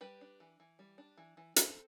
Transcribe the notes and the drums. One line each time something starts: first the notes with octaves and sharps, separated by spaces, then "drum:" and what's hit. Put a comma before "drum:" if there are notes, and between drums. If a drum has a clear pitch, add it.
G3 G4 B4
D4
E3
E3
G3
D4
E3
E3
C4 A4 C5, drum: hi-hat